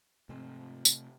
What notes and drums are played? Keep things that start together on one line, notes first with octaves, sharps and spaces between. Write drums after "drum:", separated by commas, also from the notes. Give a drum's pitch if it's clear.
G#2 C3 F3 A3 C4
drum: tambourine